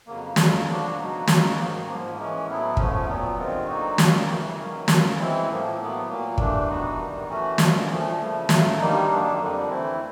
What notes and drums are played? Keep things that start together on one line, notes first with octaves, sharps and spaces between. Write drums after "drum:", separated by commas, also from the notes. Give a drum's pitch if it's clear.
F2 C#3 F#3 A#3
F2 C#3 F#3, drum: snare
C#3 F3 A#3 D4 F#4
B2 F#3 A#3 D#4 F#4
C#3 F#3 A#3 D#4 F#4, drum: snare
G#2 D#3 F#3 A#3
G#2 F3 A#3
E3 G#3 C#4
A2 F#3 B3 E4
G#2 F3 A3 C#4, drum: kick
A#2 F#3 B3
G2 D#3 G#3 C4 F4
D3 F#3 A#3 D#4 F#4
D#3 G3 A#3, drum: snare
F#2 C#3 E3
D#3 F#3 A#3 C#4
F2 C#3 F#3, drum: snare
E3 G#3 C4 E4
A2 F3 A#3
A2 F#3 B3
A#2 F#3 A#3
G2 E3 A3 D4, drum: kick
E3 G3 B3 D#4 F#4
F#2 D#3 G3
E3 A3 C#4 F#4
F#2 D3 F3 G#3, drum: snare
A#2 F3 A3
C#3 F3 A3
A2 F#3 A3, drum: snare
G2 D#3 G3 A#3 D#4
F#2 D#3 F#3 A#3 D4
F2 D3 G3
E3 A3 C4 E4